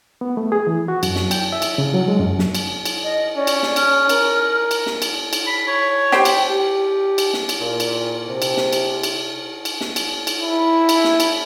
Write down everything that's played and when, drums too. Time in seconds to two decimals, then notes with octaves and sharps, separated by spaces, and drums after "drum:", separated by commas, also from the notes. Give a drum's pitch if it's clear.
0.21 B3
0.37 A3
0.52 G#4
0.67 E3
0.88 F#4
1.03 F#2, drum: cymbal
1.16 drum: snare
1.31 G5, drum: cymbal
1.52 E5
1.62 drum: cymbal
1.78 C#3
1.94 F#3
2.08 G#3
2.20 F#2
2.39 drum: snare
2.55 drum: cymbal
2.85 drum: cymbal
3.03 D#5
3.36 C#4 D5
3.47 drum: cymbal
3.63 drum: snare
3.76 F6, drum: cymbal
4.09 A#4, drum: cymbal
4.71 drum: cymbal
4.86 drum: snare
5.02 drum: cymbal
5.33 drum: cymbal
5.47 B5
5.67 C#5
6.12 G4 C5 G5, drum: snare
6.25 drum: cymbal
6.48 G4
7.18 drum: cymbal
7.33 drum: snare
7.49 drum: cymbal
7.60 A#2
7.80 drum: cymbal
8.29 C3
8.42 drum: cymbal
8.57 drum: snare
8.73 drum: cymbal
9.03 drum: cymbal
9.65 drum: cymbal
9.81 drum: snare
9.96 drum: cymbal
10.27 drum: cymbal
10.42 E4
10.89 drum: cymbal
11.04 drum: snare
11.20 drum: cymbal